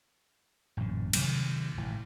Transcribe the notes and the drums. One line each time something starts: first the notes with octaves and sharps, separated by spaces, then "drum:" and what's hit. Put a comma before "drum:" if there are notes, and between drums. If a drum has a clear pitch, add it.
A1 F#2 A#2 D3
C3 D#3 F#3 A3, drum: cymbal
G#1 A2 E3